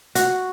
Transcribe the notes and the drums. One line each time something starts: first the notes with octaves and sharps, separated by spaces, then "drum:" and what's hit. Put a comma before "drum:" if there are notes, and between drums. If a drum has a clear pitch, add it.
F#4, drum: hi-hat